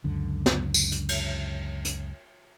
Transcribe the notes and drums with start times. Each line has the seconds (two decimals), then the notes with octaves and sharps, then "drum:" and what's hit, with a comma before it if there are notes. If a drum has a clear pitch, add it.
0.04 C#2 F#2 D3
0.46 drum: snare
0.74 drum: tambourine
0.92 drum: hi-hat
1.09 drum: cymbal
1.85 drum: hi-hat